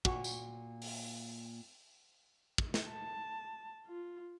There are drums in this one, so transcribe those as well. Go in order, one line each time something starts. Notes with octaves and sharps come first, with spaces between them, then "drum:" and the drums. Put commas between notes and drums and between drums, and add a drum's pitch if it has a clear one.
A#2 F#4, drum: kick
drum: tambourine
drum: open hi-hat
drum: kick
drum: snare
A5
F4